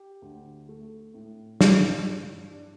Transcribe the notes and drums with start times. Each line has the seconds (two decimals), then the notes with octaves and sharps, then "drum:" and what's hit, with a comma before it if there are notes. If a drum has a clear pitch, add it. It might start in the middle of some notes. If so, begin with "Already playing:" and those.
Already playing: G4
0.22 D2
0.69 A3
1.14 A2
1.61 E4, drum: snare
2.05 G2
2.51 D4